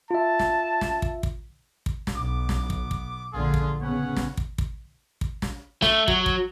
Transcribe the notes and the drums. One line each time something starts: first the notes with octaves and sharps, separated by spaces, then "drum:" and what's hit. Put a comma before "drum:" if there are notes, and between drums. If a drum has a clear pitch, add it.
F4 E5 A5
drum: snare
drum: snare
drum: kick
drum: kick
drum: kick
drum: snare
B1 B3 D6
drum: snare
drum: kick
drum: kick
A#1 D3 F4 G#4
drum: kick
C#3 B3 C#4 C#5 F#5
drum: snare
drum: kick
drum: kick
drum: kick
drum: snare
A3, drum: snare
F#3, drum: kick
drum: kick